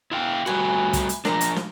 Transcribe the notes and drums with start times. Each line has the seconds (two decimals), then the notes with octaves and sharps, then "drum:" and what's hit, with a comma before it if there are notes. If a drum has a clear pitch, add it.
0.11 E4 F5 G5
0.46 G3 A3 F#4 B4 G#5
0.93 drum: kick, hi-hat
1.09 drum: hi-hat
1.25 F3 D4 A#4 D#5 A#5, drum: snare
1.41 drum: hi-hat
1.56 drum: snare